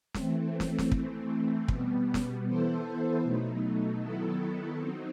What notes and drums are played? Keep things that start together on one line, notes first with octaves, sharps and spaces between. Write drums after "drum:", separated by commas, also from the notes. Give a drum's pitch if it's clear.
E3 A3 C4, drum: snare
drum: snare
drum: snare
E3 A3 C4, drum: kick
B2 G3 B3, drum: kick
drum: snare
E3 B3 E4 A4 C5
B2 F#3 A3 D#4
D#3 F#3 B3 E4 A4
F#3 C4 D#4